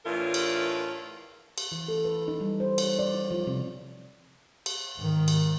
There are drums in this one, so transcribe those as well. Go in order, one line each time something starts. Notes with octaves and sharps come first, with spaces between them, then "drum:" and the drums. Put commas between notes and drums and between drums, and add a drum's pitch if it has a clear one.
A2 E3 D4 F4 A#4
drum: cymbal
drum: cymbal
E3
A4
B4
D#4
G3
C5
C#5, drum: cymbal
D5
E4
F3
C3
drum: cymbal
G#2 D#3
drum: cymbal